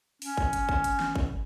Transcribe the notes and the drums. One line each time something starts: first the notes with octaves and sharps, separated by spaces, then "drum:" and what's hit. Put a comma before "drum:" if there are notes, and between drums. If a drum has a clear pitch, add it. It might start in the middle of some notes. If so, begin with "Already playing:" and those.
C#4, drum: open hi-hat
drum: kick G#1
drum: hi-hat
drum: kick G#1
drum: hi-hat
drum: snare
drum: kick G#1